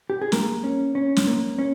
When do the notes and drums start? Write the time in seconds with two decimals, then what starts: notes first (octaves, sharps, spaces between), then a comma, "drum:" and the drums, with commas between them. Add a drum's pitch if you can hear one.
0.10 G4
0.22 G#4
0.32 A#3 A#4, drum: snare
0.64 C#4
0.95 C#4
1.16 drum: snare
1.27 A#3
1.59 C#4